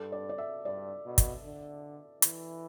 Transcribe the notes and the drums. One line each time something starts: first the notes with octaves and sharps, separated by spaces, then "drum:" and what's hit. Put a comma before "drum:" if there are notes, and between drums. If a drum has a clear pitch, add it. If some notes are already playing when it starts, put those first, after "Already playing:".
Already playing: G2 A4
D5
D5
E5
G2 D5
B2
drum: kick, hi-hat
D3
E3, drum: hi-hat